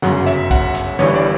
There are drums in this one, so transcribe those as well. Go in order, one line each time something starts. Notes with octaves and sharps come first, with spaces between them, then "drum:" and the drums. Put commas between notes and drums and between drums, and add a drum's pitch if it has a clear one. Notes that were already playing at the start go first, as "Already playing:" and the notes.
G1 F#2 C#3 F#3 F#5, drum: snare
E5, drum: hi-hat
F#5, drum: kick, hi-hat
drum: hi-hat
G1 G2 E3 G3 C#5, drum: snare
D5